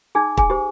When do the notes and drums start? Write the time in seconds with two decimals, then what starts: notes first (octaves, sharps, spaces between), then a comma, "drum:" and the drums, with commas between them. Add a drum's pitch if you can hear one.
0.15 D#4 G#4 G#5
0.37 G#4 G#5, drum: kick
0.50 G4 C5